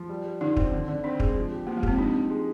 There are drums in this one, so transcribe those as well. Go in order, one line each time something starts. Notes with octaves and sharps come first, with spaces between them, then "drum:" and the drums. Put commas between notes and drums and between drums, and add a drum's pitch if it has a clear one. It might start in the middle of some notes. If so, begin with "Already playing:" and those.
Already playing: F3
G3
G3
D3 D#4
C4, drum: kick
D3
D3
C4 D4
G#3, drum: kick
F3
G4
F3 A#3
G#3
C4 G4, drum: kick
D4 D#4
F3
G#3